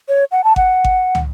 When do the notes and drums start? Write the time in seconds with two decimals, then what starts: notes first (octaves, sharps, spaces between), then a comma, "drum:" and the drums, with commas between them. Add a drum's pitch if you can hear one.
0.08 C#5
0.32 F#5
0.44 A5
0.56 F#5, drum: kick G#1
0.84 drum: kick G#1
1.15 drum: tom